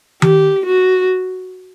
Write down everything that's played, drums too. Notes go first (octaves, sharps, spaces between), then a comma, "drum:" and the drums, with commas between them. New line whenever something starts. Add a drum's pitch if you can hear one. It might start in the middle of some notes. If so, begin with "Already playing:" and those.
G4, drum: tom D#3
F#4